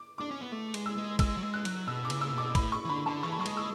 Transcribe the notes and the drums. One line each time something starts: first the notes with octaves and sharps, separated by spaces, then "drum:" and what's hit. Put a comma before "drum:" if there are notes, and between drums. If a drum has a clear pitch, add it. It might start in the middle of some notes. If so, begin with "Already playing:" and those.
Already playing: D6
D4 D6
C#4
B3
A3
G#3, drum: cymbal
E6
G#3
G#3 E6, drum: kick, cymbal
F#3
G#3
F#6
F#3, drum: cymbal
B2 E6
D6
C#3, drum: cymbal
E6
B2
D6
A2 B5, drum: kick, cymbal
C#6
E3
D3 B5
D3 A5
E3 C#6
B5
F#3 C#6
G#3, drum: cymbal
E6